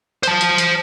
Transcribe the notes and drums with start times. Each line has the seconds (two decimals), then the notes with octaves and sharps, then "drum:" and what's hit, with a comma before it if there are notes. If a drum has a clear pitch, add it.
0.23 C5 A5, drum: hi-hat
0.41 drum: hi-hat
0.58 drum: hi-hat